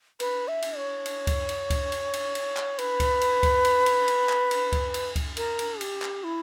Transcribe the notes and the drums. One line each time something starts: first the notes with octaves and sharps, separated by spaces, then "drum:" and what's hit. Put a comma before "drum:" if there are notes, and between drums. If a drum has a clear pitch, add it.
B4, drum: cymbal
E5
drum: cymbal
C#5
drum: cymbal
drum: kick C#2, cymbal
drum: cymbal
drum: kick C#2, cymbal
drum: cymbal
drum: cymbal
drum: cymbal
drum: clap
B4, drum: cymbal
drum: kick C#2, cymbal
drum: cymbal
drum: kick C#2, cymbal
drum: cymbal
drum: cymbal
drum: cymbal
drum: clap
drum: cymbal
drum: kick C#2, cymbal
drum: cymbal
drum: kick C#2, cymbal
A#4, drum: cymbal
drum: cymbal
G4, drum: cymbal
drum: clap
E4